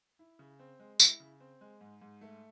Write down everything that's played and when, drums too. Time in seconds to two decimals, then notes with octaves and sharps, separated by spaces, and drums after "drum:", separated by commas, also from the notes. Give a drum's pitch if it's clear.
0.19 E4
0.39 C#3
0.59 C4
0.79 G#3
1.00 E4, drum: tambourine
1.20 C#3
1.40 C4
1.61 G#3
1.81 G#2
2.01 G#2
2.21 A3